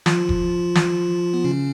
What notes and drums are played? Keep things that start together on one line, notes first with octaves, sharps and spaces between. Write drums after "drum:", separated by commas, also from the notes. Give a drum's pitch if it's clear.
F3 F4, drum: snare
drum: kick F1
drum: snare
B3
C#3 C#4